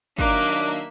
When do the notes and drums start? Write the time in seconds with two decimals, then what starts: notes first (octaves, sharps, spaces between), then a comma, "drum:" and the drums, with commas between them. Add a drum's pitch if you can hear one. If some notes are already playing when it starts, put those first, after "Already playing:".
0.18 D#3 F#3 A#3 D4 E5 D6 F#6, drum: kick